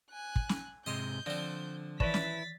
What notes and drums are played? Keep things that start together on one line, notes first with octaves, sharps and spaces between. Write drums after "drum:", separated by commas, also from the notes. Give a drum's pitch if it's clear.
G#5 F#6
drum: kick
drum: snare
G#2 C3 G#3 D#5 C6 G6
D3 F3 C4 D5
D#3 E3 E4 B4 D5 A5 A6 B6, drum: kick
drum: snare